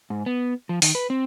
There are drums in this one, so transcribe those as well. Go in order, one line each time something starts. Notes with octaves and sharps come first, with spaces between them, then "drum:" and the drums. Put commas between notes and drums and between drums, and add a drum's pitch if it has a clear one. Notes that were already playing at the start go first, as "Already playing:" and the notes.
G#2
B3
F3
D#3, drum: open hi-hat
B4
C4